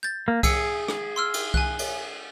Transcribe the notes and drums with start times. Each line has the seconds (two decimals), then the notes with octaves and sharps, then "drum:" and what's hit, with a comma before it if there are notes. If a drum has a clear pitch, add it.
0.03 G6 A6
0.28 A#3
0.43 G#4 E6 C#7, drum: kick C2, cymbal
0.88 drum: rim click
1.16 C6 E6 F6
1.34 drum: cymbal
1.54 G#5 F#6, drum: kick C2
1.79 drum: cymbal